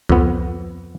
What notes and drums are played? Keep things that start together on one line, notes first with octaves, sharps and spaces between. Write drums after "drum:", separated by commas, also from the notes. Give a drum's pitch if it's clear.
F2 B3, drum: kick C#2